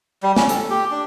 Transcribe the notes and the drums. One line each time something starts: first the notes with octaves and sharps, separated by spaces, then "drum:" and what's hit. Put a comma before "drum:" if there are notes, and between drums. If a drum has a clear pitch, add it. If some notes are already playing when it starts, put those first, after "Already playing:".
G3
C#4, drum: snare
A4, drum: hi-hat
G4
D4